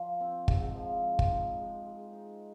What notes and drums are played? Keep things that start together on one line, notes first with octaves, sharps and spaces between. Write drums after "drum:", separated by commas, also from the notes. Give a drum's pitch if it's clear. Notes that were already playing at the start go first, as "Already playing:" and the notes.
Already playing: F3 F4
C4
G#2, drum: kick
F3
F3
drum: kick
D#4
G#3
G#3
D#4